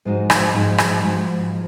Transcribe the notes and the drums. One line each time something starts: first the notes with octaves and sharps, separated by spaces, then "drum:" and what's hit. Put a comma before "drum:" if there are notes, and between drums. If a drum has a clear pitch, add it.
G#2 F3 G#3 D#4 F#4
drum: rim click
G#2 F3 G#3 D#4 F#4
drum: rim click
G#2 F3 G#3 D#4 F#4
F3